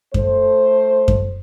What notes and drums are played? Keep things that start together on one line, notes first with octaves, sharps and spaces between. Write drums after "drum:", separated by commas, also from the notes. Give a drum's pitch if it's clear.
A3 A4 C5, drum: kick F#2
drum: kick F#2